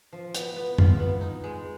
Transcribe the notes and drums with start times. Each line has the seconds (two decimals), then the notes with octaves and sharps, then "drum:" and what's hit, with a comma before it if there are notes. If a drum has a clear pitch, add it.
0.13 F3
0.35 B3, drum: hi-hat
0.56 B3
0.78 F4, drum: tom F#2
1.00 B3
1.21 D#4
1.44 G#3